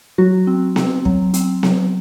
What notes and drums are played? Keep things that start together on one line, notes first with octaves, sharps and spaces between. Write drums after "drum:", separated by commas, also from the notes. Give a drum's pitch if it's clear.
F#3 F#4
C4
C4, drum: snare B3
F#3, drum: kick
C4, drum: hi-hat
F#3, drum: snare B3